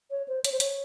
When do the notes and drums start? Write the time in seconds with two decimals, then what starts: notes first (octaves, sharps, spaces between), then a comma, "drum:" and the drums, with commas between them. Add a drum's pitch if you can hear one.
0.11 C#5
0.28 C5
0.45 C#5, drum: hi-hat
0.52 C5
0.60 C#5, drum: hi-hat